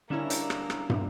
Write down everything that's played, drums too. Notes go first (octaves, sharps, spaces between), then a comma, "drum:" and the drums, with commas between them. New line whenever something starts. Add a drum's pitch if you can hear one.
D3 G3 A#3 C#4 D4 E4 E5 A#5
drum: hi-hat
drum: rim click
drum: rim click
drum: tom